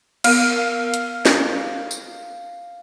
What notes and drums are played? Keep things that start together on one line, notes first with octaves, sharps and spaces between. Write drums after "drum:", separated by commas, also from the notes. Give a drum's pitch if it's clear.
B3 A#4 F5, drum: cymbal
drum: hi-hat
drum: snare
drum: tambourine